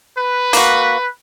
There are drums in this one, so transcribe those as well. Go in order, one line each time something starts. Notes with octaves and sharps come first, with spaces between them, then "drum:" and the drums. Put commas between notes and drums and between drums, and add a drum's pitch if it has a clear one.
B4
A#3 F#4, drum: open hi-hat